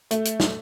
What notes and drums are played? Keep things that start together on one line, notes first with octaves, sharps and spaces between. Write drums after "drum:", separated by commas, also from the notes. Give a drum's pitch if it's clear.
A3, drum: hi-hat
drum: hi-hat
drum: snare